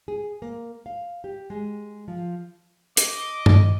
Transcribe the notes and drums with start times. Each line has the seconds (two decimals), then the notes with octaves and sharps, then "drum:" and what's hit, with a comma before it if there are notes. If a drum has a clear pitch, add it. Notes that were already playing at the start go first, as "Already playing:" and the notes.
0.08 G#4
0.42 A#3
0.86 F5
1.24 G4
1.50 G#3
2.08 F3
2.97 D#5 D6, drum: hi-hat
3.46 drum: tom G2